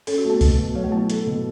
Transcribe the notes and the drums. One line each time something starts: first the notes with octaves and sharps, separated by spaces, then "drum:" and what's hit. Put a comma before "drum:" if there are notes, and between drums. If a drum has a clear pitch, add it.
C#4 A4, drum: open hi-hat
F#4
A3
B3
B2 B3, drum: kick C2, open hi-hat
B2
F#3 C#5
A3
B3 E4
A4, drum: hi-hat
B2